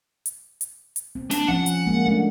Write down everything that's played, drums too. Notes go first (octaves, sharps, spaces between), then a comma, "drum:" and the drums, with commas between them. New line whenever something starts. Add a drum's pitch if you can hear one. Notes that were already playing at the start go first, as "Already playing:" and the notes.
drum: hi-hat
drum: hi-hat
drum: hi-hat
C4
D4, drum: snare
F3 C#4 F#5
drum: hi-hat
G#3 A#3
A3 C#4 D4